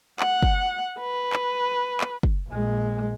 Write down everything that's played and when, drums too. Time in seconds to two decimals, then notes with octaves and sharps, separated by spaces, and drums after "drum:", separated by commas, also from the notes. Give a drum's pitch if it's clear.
0.20 F#5, drum: clap
0.43 drum: kick
0.99 B4
1.33 drum: clap
2.01 drum: clap
2.23 drum: kick
2.48 A#1 G#3